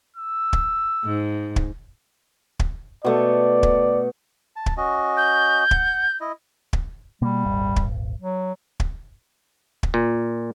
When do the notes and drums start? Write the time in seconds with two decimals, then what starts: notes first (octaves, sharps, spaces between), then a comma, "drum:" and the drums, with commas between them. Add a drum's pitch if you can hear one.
0.16 E6
0.53 drum: kick
1.04 G#2
1.56 drum: kick
2.59 drum: kick
3.05 B2 A3 D5
3.63 drum: kick
4.56 A5
4.66 drum: kick
4.77 C#4 F#4 D#5
5.17 G6
5.71 F#5, drum: kick
6.20 E4 D#5
6.73 drum: kick
7.22 B2 G3 A#3
7.44 D#1 G#1
7.76 drum: kick
8.22 F#3
8.80 drum: kick
9.83 drum: kick
9.94 A#2